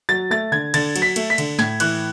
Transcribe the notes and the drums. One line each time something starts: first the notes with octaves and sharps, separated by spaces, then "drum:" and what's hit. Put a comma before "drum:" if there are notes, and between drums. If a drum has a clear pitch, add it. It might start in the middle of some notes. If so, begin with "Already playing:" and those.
F#3 A6
A3 A6
D3 G#6
D3 A6, drum: cymbal
F#3, drum: cymbal
B6
A3, drum: cymbal
B6
D3, drum: cymbal
A2 G#6, drum: snare
E3 F#6, drum: cymbal